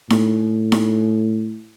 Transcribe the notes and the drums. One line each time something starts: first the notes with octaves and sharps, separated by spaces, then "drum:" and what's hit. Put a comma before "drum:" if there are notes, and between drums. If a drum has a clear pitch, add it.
A2, drum: snare D#4
drum: snare D#4